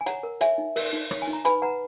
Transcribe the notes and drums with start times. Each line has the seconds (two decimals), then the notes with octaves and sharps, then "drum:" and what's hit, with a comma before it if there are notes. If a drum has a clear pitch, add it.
0.01 G#5
0.06 C#5 F#5 A#5, drum: hi-hat
0.23 A#4
0.41 C#5 E5 G#5, drum: hi-hat
0.58 D#4
0.76 A#4, drum: open hi-hat
0.93 D#4
1.11 C#5, drum: rim click
1.22 G#5
1.28 D#4
1.33 A#5
1.45 B4 G#5 B5, drum: hi-hat
1.62 B4 F#5 A#5